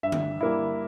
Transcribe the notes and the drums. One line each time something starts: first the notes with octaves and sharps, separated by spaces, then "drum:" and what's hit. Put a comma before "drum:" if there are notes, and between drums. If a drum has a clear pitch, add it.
G2 E5
drum: tom D3
G3 A#3 E4